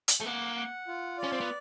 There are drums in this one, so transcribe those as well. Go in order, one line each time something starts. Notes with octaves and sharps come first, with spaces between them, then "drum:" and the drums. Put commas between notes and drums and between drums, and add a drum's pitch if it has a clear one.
drum: hi-hat
A3
A#3 F#5
F#5
F4
D5
C#4
C4
B3